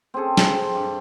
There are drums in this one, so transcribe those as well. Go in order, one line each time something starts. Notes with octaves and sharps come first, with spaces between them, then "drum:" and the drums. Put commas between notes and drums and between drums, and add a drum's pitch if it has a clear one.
C4 C#4 G#4 A4
drum: snare
C4
G2